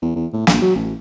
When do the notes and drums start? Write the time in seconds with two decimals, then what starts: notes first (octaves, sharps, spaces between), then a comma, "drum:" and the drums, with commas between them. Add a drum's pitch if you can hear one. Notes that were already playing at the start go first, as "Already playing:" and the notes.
0.02 E2
0.16 E2
0.33 A2
0.47 A#1, drum: snare
0.62 F#3
0.76 A1